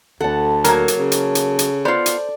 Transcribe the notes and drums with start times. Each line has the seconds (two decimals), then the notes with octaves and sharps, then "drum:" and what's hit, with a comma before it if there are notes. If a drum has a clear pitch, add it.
0.21 D2 A4 F#5 A5
0.64 F#3 A#3 A#4, drum: hi-hat
0.88 drum: hi-hat
0.97 C#3
1.12 drum: hi-hat
1.35 drum: hi-hat
1.59 drum: hi-hat
1.85 B3 F4 C5 D5
2.06 drum: hi-hat